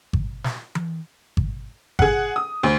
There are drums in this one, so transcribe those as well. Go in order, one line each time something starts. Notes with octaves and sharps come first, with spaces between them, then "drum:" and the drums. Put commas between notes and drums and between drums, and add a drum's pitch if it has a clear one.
drum: kick G#1
drum: snare
drum: tom E3
drum: kick G#1
G#4 F#5, drum: kick G#1
D#6
D2 C5